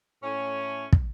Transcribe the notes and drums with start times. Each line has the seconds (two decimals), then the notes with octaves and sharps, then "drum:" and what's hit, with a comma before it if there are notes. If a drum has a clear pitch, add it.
0.23 A2 C#4
0.93 drum: kick